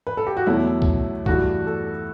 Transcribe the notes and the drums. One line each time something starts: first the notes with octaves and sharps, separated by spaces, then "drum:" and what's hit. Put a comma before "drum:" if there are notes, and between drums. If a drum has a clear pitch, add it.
B4
A4
G4
F#4
E2 B2 F#3 A3 E4
drum: kick C2
G2 E3 A3 F#4, drum: kick C2
A4